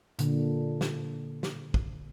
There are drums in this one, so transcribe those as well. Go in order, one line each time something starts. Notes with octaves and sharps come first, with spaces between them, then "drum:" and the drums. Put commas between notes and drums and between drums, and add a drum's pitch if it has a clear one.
A#2 D3, drum: hi-hat
drum: snare
drum: snare
drum: kick